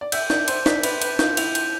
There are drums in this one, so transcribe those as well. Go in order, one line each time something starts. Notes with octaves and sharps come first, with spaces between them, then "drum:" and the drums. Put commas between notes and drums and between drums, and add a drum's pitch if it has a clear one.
D5
E5 G6, drum: cymbal
D5 G6, drum: snare
C5 G6, drum: cymbal
D5 B6, drum: snare
B4 F7, drum: cymbal
B4 G6, drum: cymbal
F4 G6, drum: snare
E4 F7, drum: cymbal
G6, drum: cymbal